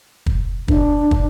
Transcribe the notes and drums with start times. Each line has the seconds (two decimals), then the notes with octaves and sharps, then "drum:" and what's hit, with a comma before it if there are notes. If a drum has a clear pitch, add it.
0.26 drum: kick
0.68 D4, drum: kick
1.11 drum: kick